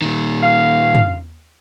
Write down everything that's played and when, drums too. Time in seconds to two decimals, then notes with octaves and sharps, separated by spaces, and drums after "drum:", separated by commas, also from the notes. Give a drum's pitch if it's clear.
0.02 A#2 D#3
0.41 F5
0.94 drum: tom